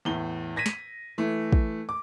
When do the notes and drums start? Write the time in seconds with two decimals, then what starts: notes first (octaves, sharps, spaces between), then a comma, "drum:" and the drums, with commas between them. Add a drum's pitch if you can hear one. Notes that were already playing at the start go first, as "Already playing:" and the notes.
0.05 E2 A2 G7
0.56 G#6 A#6 B6 D#7
0.66 drum: snare
1.18 E3 A3
1.53 drum: kick
1.89 D6